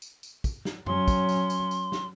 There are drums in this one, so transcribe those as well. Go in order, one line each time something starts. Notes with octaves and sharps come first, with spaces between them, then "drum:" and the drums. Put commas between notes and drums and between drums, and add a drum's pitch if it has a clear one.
drum: tambourine
drum: tambourine
drum: kick, tambourine
drum: snare
F#3 C#4 C6, drum: tom F#2
drum: kick, tambourine
drum: tambourine
drum: tambourine
drum: tambourine
drum: snare